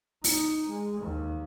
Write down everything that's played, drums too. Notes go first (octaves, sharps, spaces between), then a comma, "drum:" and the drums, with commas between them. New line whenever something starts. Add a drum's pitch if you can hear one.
D#4, drum: open hi-hat
G#3
D#2